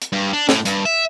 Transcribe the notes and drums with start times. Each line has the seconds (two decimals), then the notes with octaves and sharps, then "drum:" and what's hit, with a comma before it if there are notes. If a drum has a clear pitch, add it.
0.02 drum: hi-hat
0.12 G2
0.33 D4
0.49 A2, drum: snare
0.65 G2, drum: hi-hat
0.86 E5